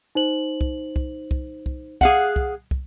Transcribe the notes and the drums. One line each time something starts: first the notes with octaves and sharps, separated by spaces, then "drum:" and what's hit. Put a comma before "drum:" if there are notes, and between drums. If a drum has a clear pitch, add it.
D#4 C5 F#7
drum: kick
drum: kick
drum: kick
drum: kick
G#4 F5 F#5, drum: kick
drum: kick
drum: kick